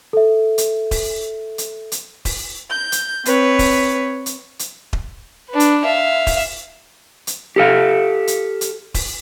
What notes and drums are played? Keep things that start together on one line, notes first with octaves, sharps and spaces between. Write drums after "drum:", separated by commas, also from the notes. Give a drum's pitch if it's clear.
A4 E5
drum: hi-hat
drum: kick D#1, open hi-hat
drum: hi-hat
drum: hi-hat
drum: kick D#1, open hi-hat
G6
drum: hi-hat
C4 B4 C#5, drum: hi-hat
drum: kick D#1, open hi-hat
drum: hi-hat
drum: hi-hat
drum: kick D#1
D4 B4
drum: hi-hat
E5 F5
drum: kick D#1, open hi-hat
drum: hi-hat
G4 A4 F5
drum: hi-hat
drum: hi-hat
drum: kick D#1, open hi-hat